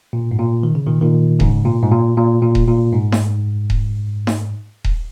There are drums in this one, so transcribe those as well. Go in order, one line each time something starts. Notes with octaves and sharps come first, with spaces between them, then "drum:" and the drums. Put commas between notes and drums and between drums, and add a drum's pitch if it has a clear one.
A#2
G#2
A#2
D#3
C#3
A#2 D#3
A#2 D#3
G#2 C#3, drum: kick D#1
A#2
G#2
A#2
A#2
A#2
drum: kick D#1
A#2
G#2
drum: snare D#4
drum: kick D#1
drum: snare D#4
drum: kick D#1